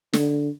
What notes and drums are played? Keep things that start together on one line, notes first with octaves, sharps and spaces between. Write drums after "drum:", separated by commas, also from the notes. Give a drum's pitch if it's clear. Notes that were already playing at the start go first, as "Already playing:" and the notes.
D3, drum: snare